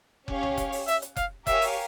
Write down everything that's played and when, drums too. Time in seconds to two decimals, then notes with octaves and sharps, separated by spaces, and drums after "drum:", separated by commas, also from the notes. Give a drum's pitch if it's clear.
0.28 C#4 G4 C#5 F5, drum: kick F1
0.43 drum: tom C2
0.57 drum: kick F1, hi-hat
0.72 drum: open hi-hat
0.88 E5, drum: hi-hat
1.02 drum: hi-hat
1.16 F5, drum: kick F1, hi-hat
1.47 G4 A#4 C#5 E5 F5 G#5, drum: kick F1, hi-hat
1.62 drum: open hi-hat